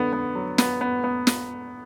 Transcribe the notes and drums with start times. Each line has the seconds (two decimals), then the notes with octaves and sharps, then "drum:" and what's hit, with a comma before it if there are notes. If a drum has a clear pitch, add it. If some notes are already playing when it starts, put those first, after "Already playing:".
Already playing: D3 B3
0.13 B3
0.35 F#3
0.58 B3, drum: snare
0.81 B3
1.04 B3
1.27 drum: snare